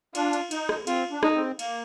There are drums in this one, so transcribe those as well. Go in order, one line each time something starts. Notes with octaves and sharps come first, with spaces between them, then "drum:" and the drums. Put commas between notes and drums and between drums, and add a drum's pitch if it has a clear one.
D4 F4, drum: cymbal
drum: cymbal
D#4, drum: cymbal
drum: rim click
C4 F4, drum: cymbal
D4
D#4, drum: rim click
C4
A#3, drum: cymbal